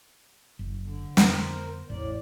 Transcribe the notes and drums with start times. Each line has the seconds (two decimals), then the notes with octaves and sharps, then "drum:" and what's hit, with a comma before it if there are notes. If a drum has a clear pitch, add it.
0.59 F#1
0.82 D3
1.17 F2 D3 B3 A#4 C5, drum: snare
1.90 D#1 A1 E2 A2 D5